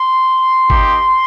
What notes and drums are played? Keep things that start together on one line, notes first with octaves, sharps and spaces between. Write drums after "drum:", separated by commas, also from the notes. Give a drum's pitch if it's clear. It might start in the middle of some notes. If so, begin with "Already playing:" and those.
Already playing: C6
A#3 D#4 G4, drum: kick G#1